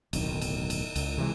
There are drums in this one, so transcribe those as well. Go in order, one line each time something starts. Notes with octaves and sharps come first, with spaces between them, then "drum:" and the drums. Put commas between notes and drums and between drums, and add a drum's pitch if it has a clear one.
D1 B1 D#3, drum: cymbal
drum: cymbal
drum: cymbal
C#2, drum: cymbal
C3 E3 G#3